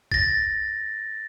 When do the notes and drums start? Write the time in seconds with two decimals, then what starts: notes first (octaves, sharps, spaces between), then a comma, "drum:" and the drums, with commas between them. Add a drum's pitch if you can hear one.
0.12 A6 A#6, drum: kick A#1